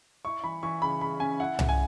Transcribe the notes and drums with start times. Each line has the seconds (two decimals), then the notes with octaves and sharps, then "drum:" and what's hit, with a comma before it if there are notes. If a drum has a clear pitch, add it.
0.25 E4 C#6
0.44 E3 B5
0.63 E3 C#6
0.82 C#3 B5
1.01 C#3 B5
1.20 C#4 G#5
1.40 E4 F#5
1.59 C#3, drum: tom C2
1.69 G#5